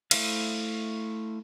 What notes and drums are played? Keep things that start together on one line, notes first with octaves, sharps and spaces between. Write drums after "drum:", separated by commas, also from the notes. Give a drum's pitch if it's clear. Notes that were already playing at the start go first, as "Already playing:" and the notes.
A3 E4 C5 E5 F5, drum: cymbal